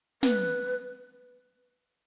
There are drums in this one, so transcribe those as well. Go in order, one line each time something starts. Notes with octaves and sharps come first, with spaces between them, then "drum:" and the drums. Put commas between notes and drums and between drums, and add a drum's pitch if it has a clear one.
B4, drum: snare